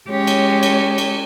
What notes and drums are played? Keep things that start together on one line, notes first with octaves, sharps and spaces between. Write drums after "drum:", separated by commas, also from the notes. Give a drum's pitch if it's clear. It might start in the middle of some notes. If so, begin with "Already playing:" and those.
G#3 C#4 G4 C#5
drum: cymbal
drum: cymbal
drum: cymbal